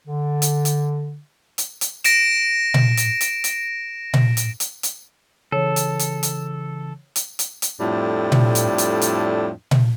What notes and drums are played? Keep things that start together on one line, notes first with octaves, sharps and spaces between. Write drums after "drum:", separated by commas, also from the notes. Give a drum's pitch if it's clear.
D3
drum: hi-hat
drum: hi-hat
drum: hi-hat
drum: hi-hat
A#6 D7 E7, drum: hi-hat
drum: tom A#2
drum: hi-hat
drum: hi-hat
drum: hi-hat
drum: tom A#2
drum: hi-hat
drum: hi-hat
drum: hi-hat
C#3 E3 A4 C#5
drum: hi-hat
drum: hi-hat
drum: hi-hat
drum: hi-hat
drum: hi-hat
drum: hi-hat
F2 A2 G3 D4
drum: tom A#2
drum: hi-hat
drum: hi-hat
drum: hi-hat
drum: tom A#2